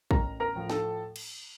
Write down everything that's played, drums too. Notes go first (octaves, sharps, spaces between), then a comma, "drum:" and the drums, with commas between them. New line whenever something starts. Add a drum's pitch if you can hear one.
A1 A#4 A#5, drum: kick A#1
A#4 A#5
A2 F3
A4 A5, drum: snare
drum: cymbal